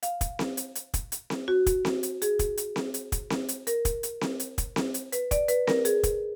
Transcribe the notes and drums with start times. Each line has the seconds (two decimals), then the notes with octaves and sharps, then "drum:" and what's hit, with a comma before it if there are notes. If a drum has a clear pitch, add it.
0.03 F5, drum: hi-hat
0.21 drum: kick, hi-hat
0.39 drum: snare C4
0.57 drum: hi-hat
0.75 drum: hi-hat
0.94 drum: kick, hi-hat
1.12 drum: hi-hat
1.30 drum: snare C4
1.48 F#4
1.66 drum: kick, hi-hat
1.85 drum: snare C4
2.03 drum: hi-hat
2.22 G#4, drum: hi-hat
2.39 drum: kick, hi-hat
2.57 drum: hi-hat
2.76 drum: snare C4
2.94 drum: hi-hat
3.12 drum: kick, hi-hat
3.30 drum: snare C4
3.49 drum: hi-hat
3.67 A#4, drum: hi-hat
3.85 drum: kick, hi-hat
4.03 drum: hi-hat
4.21 drum: snare C4
4.40 drum: hi-hat
4.58 drum: kick, hi-hat
4.76 drum: snare C4
4.94 drum: hi-hat
5.12 B4, drum: hi-hat
5.31 D5, drum: kick, hi-hat
5.48 B4, drum: hi-hat
5.67 A#4, drum: snare C4
5.85 G#4, drum: hi-hat
6.03 drum: kick, hi-hat